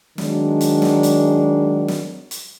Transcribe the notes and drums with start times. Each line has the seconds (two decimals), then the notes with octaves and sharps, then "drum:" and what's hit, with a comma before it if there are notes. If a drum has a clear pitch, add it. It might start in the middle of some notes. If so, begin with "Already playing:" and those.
0.18 D#3 F#3 G#3 D4, drum: snare
0.61 drum: hi-hat
0.82 drum: snare
1.03 drum: hi-hat
1.88 drum: snare
2.31 drum: hi-hat